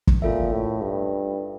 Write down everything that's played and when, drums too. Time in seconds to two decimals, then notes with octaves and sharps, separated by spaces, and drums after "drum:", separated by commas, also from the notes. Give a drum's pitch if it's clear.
0.07 drum: kick
0.22 A#2 C#4 F4 A4 E5
0.52 A2
0.81 G2